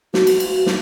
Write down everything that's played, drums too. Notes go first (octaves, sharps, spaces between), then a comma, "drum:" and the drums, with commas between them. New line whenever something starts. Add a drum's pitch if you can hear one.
F#4, drum: snare
drum: cymbal
drum: cymbal
drum: snare